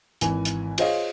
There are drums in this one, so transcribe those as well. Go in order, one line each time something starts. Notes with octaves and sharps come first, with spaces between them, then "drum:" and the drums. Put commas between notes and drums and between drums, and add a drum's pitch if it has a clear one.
G#1 E3 G#5, drum: hi-hat
drum: hi-hat
F4 G#4 C5 C#5 D#5 F5, drum: cymbal